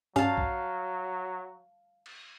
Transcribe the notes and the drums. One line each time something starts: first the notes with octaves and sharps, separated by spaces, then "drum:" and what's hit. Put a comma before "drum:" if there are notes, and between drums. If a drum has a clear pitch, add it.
F#3 C#4 G4 F5 A5, drum: tom G2
drum: kick A#1
drum: cymbal